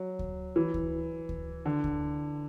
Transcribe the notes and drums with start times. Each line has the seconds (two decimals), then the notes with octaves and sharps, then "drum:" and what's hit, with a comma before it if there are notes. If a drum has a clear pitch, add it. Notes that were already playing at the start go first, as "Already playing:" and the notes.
Already playing: F#3
0.19 drum: kick D2
0.56 E3
0.74 drum: kick D2
1.29 drum: kick D2
1.66 D3
1.84 drum: kick D2